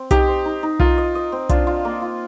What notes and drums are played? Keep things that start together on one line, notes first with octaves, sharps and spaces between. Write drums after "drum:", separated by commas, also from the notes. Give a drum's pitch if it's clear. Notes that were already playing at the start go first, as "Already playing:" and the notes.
Already playing: C4
D#4 G4, drum: kick B1, hi-hat
C5
D#4
D#4
F4 A#4, drum: kick B1
D#5
D#5
C4
D4 F4, drum: kick B1, hi-hat
F4
A#3
F4